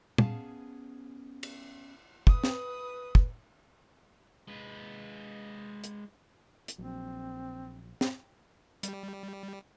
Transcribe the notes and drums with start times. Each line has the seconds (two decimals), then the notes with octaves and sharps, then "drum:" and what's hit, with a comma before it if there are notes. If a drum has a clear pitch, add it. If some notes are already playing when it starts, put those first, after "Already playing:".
0.18 B3 C#4 G#4 F5 A5, drum: tom
1.43 drum: cymbal
2.27 B4 D#6, drum: kick
2.44 drum: snare
3.15 drum: kick
4.48 G#3 B4
5.84 drum: hi-hat
6.68 drum: hi-hat
6.78 A#1 F#3 C4
8.01 drum: snare
8.83 G3, drum: hi-hat